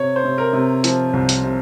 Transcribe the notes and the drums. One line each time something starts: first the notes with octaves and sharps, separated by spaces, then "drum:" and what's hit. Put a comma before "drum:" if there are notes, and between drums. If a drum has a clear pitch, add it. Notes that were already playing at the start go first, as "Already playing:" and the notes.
Already playing: C3 C#5
C5
C3
A#4
C3
F3, drum: hi-hat
C2
drum: hi-hat
C3